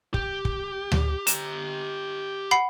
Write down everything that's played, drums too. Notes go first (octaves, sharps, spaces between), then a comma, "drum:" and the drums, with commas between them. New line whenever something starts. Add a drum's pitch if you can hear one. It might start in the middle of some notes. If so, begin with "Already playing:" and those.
G4, drum: kick
drum: kick
drum: tom D2
G4 A#5 E7, drum: hi-hat
F#5 B5 C7